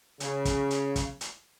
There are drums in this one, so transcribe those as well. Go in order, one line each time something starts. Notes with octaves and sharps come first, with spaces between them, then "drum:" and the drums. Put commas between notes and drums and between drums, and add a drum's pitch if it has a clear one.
C#3, drum: hi-hat
drum: kick, hi-hat
drum: hi-hat
drum: kick, hi-hat
drum: hi-hat